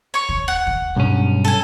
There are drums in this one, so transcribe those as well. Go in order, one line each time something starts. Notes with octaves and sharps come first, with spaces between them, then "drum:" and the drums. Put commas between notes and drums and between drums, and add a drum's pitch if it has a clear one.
C#5 C#6
drum: kick
F#5
drum: kick
B1 G2 C#4
A4 G#5